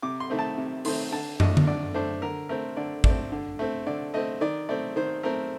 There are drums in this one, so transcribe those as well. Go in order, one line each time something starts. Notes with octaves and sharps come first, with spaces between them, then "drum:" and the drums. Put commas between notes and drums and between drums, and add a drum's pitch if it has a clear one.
C3 D6
C6
D#3 A3 C4
A5
C3
D#3 A3 C4 C6, drum: open hi-hat
D3 A5
A3 D4 D#5, drum: tom
drum: tom D3
D3 D5
A3 D4 C5
D3 A#4
A3 C4 A#4
D3 D5
A3 C4 D5, drum: kick
D3
A3 C4
D3 D5
A3 C4 D#5
D#3 D5
A3 C4 D5
D#3 C5
A3 C4 A#4